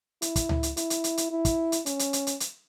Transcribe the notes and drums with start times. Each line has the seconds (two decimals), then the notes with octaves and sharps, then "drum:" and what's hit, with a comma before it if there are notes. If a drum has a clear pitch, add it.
0.22 E4, drum: hi-hat
0.36 drum: kick, hi-hat
0.49 drum: tom C#2
0.63 drum: hi-hat
0.77 E4, drum: hi-hat
0.90 drum: hi-hat
1.04 drum: hi-hat
1.17 drum: hi-hat
1.31 E4
1.45 drum: kick, hi-hat
1.72 drum: hi-hat
1.86 C#4, drum: hi-hat
1.99 drum: hi-hat
2.13 drum: hi-hat
2.27 drum: hi-hat
2.40 drum: hi-hat